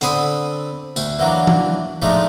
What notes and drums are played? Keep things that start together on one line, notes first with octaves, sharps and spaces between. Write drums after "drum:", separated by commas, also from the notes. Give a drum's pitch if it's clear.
D3 C4 B5 D#6, drum: hi-hat
D2, drum: tambourine
E3 F#3 A#3 D4
drum: tom
F3 G#3 A3 D4 D#4